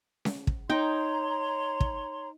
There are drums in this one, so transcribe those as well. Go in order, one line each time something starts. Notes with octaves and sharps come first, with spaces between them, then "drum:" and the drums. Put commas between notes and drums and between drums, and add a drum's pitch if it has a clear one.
drum: snare C#4
drum: kick
D#4 C#5 G5 A#5 C6
drum: kick